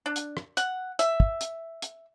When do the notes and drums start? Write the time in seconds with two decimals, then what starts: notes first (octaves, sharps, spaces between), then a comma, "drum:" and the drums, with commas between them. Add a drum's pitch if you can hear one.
0.06 D4
0.16 drum: hi-hat
0.37 drum: rim click
0.57 F#5, drum: hi-hat
0.99 E5, drum: hi-hat
1.20 drum: kick
1.41 drum: hi-hat
1.82 drum: hi-hat